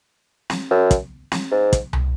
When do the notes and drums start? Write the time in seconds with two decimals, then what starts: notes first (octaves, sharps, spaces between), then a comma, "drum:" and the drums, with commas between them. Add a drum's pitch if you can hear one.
0.50 drum: snare
0.71 F#2
0.91 drum: kick, hi-hat
1.32 drum: snare
1.51 G#2
1.73 drum: kick, hi-hat
1.93 drum: tom C2